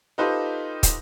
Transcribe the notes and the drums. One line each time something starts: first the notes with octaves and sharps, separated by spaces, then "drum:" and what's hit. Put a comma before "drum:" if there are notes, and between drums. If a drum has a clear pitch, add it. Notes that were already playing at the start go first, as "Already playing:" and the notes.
D#4 F4 G4 A4 B4 C5
drum: kick, hi-hat